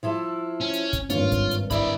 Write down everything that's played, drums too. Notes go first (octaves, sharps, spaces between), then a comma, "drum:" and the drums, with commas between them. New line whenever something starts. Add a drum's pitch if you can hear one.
F3 E4 A4
C#4
drum: hi-hat
drum: kick E1, hi-hat
G#1 G2 F4 C#5, drum: hi-hat
drum: kick E1, hi-hat
drum: hi-hat
D#3 E4 D5 B5, drum: kick E1, hi-hat